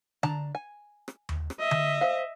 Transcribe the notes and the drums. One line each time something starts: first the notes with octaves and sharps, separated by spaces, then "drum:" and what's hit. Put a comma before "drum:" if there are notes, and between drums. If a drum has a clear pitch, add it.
D4 A5 A#5, drum: tom D3
G#5
drum: rim click
drum: tom D#2
drum: rim click
D#5 E5
drum: tom D3
C5 F5